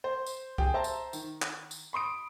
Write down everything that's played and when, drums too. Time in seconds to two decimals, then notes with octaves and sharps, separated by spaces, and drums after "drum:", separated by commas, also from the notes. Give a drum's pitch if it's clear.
0.04 C5
0.26 drum: tambourine
0.58 G4 G#4, drum: kick C2
0.74 C5 E5 A5 A#5
0.84 drum: tambourine
1.13 D#3, drum: tambourine
1.42 drum: clap
1.71 drum: tambourine
1.93 B5 C6 D#6 D7